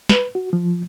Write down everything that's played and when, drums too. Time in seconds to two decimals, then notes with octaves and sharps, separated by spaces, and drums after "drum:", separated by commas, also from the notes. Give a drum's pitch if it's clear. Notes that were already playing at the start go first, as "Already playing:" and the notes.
0.09 B4, drum: snare
0.35 F#4
0.53 F3